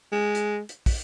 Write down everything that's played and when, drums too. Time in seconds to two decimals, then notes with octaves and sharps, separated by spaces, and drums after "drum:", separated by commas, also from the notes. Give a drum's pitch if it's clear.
0.12 G#3
0.35 drum: hi-hat
0.69 drum: hi-hat
0.86 drum: kick, open hi-hat